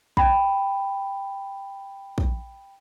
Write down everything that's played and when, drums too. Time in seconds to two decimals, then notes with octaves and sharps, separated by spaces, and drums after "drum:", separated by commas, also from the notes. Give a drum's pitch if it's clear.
0.17 G5 B5, drum: kick A#1
2.18 drum: kick A#1